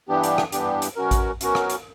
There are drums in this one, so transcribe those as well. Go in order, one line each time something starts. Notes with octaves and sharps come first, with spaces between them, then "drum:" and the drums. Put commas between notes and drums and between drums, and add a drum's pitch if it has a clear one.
G2 E3 B3 D4 G4
drum: hi-hat
drum: rim click
G2 E3 B3 D4 G4, drum: hi-hat
drum: hi-hat
B2 F#3 C#4 F#4 A#4
drum: kick A1, hi-hat
B2 F#3 C#4 F#4 A#4, drum: hi-hat
drum: rim click
drum: hi-hat